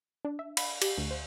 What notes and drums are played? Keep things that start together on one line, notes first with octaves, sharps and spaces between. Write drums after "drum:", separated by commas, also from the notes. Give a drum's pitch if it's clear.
D4
E5
B5, drum: cymbal
G4, drum: cymbal
D2
C5